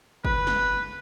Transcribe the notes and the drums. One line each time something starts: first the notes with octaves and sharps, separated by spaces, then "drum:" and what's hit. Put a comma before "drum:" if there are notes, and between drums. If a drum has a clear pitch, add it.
B4, drum: kick
drum: snare